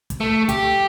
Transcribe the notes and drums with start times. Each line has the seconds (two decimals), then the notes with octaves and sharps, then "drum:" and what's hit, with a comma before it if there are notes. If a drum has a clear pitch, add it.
0.10 drum: kick, hi-hat
0.20 A3
0.49 G4, drum: kick, hi-hat